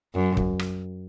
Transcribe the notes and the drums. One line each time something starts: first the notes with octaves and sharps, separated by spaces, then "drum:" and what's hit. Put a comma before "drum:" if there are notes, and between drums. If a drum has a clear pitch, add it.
F#2
drum: kick
drum: rim click